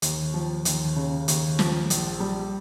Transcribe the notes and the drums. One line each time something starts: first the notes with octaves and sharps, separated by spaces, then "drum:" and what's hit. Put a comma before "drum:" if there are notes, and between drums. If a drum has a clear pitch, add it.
D#2, drum: hi-hat
F3
D#2, drum: hi-hat
C#3
D#2, drum: hi-hat
F3, drum: snare
A#1, drum: hi-hat
G3